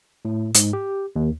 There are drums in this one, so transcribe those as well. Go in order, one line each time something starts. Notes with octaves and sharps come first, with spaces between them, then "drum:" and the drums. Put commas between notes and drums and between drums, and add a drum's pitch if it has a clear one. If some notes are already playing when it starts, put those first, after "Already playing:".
A2
G#2, drum: hi-hat
G4
D#2